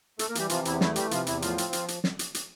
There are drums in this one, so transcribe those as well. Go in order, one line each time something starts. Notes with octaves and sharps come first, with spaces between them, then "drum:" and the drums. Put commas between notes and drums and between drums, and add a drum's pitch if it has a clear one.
A3 A4, drum: hi-hat
A#3 A#4
E3 G3 G4, drum: hi-hat
C3 F3 F4, drum: hi-hat
E2 E4, drum: hi-hat
A3 E4, drum: snare
E3 G3 G4, drum: hi-hat
C3 F3 F4, drum: hi-hat
E2 E4, drum: hi-hat
A2 F3 F4, drum: hi-hat
C4, drum: hi-hat
F3, drum: hi-hat
drum: hi-hat
drum: snare
drum: hi-hat
drum: hi-hat